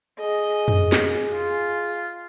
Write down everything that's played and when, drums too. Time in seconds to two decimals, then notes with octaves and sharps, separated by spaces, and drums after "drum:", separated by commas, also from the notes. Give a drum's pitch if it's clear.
0.20 G#4 D#5
0.68 drum: tom
0.92 drum: snare
1.34 F4